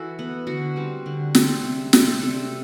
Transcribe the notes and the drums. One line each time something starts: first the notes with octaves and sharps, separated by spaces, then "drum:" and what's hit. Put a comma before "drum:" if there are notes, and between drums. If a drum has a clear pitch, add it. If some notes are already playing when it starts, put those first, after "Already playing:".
Already playing: E3 F#4 A4
B3
D3 F#4
G3 C4
D3
G3 C4, drum: snare
C3
G3 C4, drum: snare
C3 A4